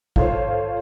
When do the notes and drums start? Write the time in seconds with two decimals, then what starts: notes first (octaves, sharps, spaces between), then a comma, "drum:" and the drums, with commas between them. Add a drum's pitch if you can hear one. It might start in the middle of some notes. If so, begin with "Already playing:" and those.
0.16 F4 A4 C5 C#5 F5, drum: kick